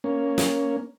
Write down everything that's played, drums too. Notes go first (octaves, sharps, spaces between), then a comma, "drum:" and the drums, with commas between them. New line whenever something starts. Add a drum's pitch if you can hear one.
A#3 C#4
drum: snare